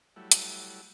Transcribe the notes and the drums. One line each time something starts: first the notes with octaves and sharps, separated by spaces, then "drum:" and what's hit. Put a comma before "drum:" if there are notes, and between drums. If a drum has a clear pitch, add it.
F#3 G3 A3 E4
drum: hi-hat